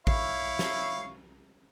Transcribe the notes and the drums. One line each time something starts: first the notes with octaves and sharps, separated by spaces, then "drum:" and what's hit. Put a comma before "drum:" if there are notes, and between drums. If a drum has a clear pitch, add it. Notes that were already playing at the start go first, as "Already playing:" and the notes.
E4 C#5 F5, drum: kick A1
drum: snare